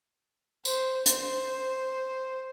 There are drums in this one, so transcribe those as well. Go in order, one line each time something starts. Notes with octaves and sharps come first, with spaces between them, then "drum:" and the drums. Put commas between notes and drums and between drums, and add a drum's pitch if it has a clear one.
C5, drum: tambourine
C5, drum: hi-hat